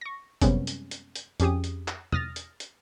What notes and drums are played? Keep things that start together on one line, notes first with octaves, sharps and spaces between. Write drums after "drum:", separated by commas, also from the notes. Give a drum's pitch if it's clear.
C#6 A#6
F#2 C3 G3 G#3 B3 C#4, drum: kick G1, hi-hat
drum: hi-hat
drum: hi-hat
drum: hi-hat
F2 C#4 G4 G#4 D#6, drum: hi-hat
drum: hi-hat
drum: clap
D#6 F6 A6 A#6, drum: tom
drum: hi-hat
drum: hi-hat